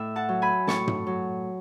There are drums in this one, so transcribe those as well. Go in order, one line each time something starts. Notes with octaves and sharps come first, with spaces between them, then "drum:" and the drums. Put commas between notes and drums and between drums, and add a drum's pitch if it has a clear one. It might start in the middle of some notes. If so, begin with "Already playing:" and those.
Already playing: A2 E5
F#5 A5
F#3
G#5 B5
A2 A5 C#6, drum: snare
drum: tom
F#3